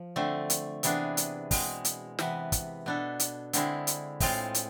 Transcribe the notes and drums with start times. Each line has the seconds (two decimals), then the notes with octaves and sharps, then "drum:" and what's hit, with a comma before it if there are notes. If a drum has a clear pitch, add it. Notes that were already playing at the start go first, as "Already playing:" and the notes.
Already playing: F3
0.16 D3 A3 C4
0.50 drum: hi-hat
0.83 C3 E3 B3 D4 G#4, drum: hi-hat
1.17 drum: hi-hat
1.51 B2 G#3 C4, drum: kick, open hi-hat
1.85 drum: hi-hat
2.19 C3 E3 B3, drum: snare
2.52 drum: kick, hi-hat
2.86 B2 B3 D4 A4
3.20 drum: hi-hat
3.53 D3 G#3 C4 E4, drum: hi-hat
3.87 drum: hi-hat
4.20 A2 G#3 C4 F4, drum: kick, open hi-hat
4.54 drum: hi-hat